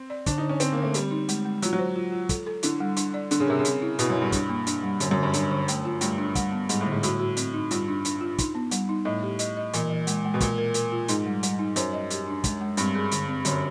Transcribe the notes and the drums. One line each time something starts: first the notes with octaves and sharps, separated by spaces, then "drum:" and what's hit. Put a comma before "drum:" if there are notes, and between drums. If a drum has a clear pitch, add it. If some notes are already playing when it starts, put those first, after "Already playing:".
Already playing: C4
D5
D3 D4, drum: kick, hi-hat
D#4
D3
C#4
D3 C4, drum: hi-hat
D3 A#3
A3
G3 C4, drum: hi-hat
D#4
G#3, drum: hi-hat
G#3
F#3 F4, drum: hi-hat
F#3
C5
F4
F4
A4, drum: kick, hi-hat
A4
D3 E4, drum: hi-hat
G3
D4, drum: hi-hat
D5
D3 D4, drum: hi-hat
C#3
C3 A#4
C#3
C4, drum: hi-hat
E4
B2 E4, drum: hi-hat
F#2
E4
G2
D4, drum: kick, hi-hat
A#3
D4, drum: hi-hat
G3
F#2 D3, drum: hi-hat
F#2
D3
G2
F#2 D4, drum: hi-hat
D3
A3, drum: hi-hat
F4
G2 A3, drum: hi-hat
D4
G3, drum: kick, hi-hat
B3
G#2 G3, drum: hi-hat
A2
D3
G#2
A2 F#4, drum: hi-hat
F#4
C4, drum: hi-hat
D#4
G2 F4, drum: hi-hat
D4
D4, drum: hi-hat
F4
D#4, drum: kick, hi-hat
B3
G3, drum: hi-hat
D#4
A2 D#5
G4
D#5, drum: hi-hat
D#5
A#2 E3, drum: hi-hat
E3
G#3, drum: hi-hat
G#3
B2
A#2 A#4, drum: kick, hi-hat
A#4
A#4, drum: hi-hat
F4
G#2 D#4, drum: hi-hat
G3
G3, drum: hi-hat
D#4
F#2 C5, drum: hi-hat
D#5
G4, drum: hi-hat
D4
G#3, drum: kick, hi-hat
G#3
G2 C4, drum: hi-hat
G#4
D3, drum: hi-hat
C4
F#2 D3, drum: hi-hat